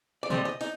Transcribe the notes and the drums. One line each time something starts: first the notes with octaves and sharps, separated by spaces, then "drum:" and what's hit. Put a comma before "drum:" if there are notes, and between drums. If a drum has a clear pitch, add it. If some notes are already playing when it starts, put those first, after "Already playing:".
D5
D#2 D#3 G3 C4 D#5, drum: tom B2
D#5
D#4, drum: open hi-hat